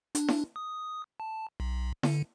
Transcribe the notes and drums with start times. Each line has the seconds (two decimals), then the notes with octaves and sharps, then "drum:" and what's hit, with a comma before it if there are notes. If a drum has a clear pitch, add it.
0.15 D4, drum: hi-hat
0.28 drum: snare E4
0.56 D#6
1.20 A5
1.60 B1
2.03 D3, drum: snare E4